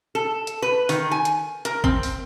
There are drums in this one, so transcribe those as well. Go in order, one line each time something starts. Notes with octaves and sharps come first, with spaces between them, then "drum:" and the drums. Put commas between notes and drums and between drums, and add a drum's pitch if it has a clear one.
A4
drum: hi-hat
B4
D#3, drum: open hi-hat
G#5
drum: hi-hat
A#4, drum: hi-hat
C4, drum: kick
drum: open hi-hat